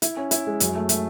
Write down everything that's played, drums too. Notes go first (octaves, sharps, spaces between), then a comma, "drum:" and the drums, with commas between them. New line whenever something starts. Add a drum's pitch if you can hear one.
E4, drum: hi-hat
C#4
E4, drum: hi-hat
G#3
F#2, drum: hi-hat
A3
A3, drum: hi-hat